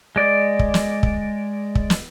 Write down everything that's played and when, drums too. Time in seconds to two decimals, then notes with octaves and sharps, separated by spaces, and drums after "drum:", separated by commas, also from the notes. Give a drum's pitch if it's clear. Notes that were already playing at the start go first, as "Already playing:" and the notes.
0.16 G#3 D5
0.59 drum: kick
0.74 drum: snare
1.03 drum: kick
1.75 drum: kick
1.90 drum: snare